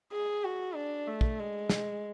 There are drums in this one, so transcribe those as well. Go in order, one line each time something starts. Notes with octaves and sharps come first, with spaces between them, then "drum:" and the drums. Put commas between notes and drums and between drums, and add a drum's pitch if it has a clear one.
G#4
F#4
D4
A3
drum: kick
G#3
drum: snare